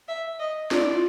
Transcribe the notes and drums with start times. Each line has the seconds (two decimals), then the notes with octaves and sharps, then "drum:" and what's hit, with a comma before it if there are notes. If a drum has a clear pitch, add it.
0.08 E5
0.40 D#5
0.71 F4 D5, drum: snare
0.82 E4
0.94 F4